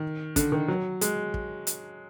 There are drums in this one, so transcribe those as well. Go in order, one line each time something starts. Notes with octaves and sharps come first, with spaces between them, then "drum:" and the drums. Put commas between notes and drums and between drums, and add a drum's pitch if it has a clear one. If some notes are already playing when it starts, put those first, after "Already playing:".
Already playing: D#3
D3, drum: kick, hi-hat
D#3
F#3
G#3, drum: hi-hat
drum: kick
drum: hi-hat